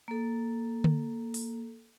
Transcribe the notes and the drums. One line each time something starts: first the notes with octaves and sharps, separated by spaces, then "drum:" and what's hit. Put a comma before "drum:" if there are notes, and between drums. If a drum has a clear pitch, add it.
A#3 A4
drum: tom D3
drum: open hi-hat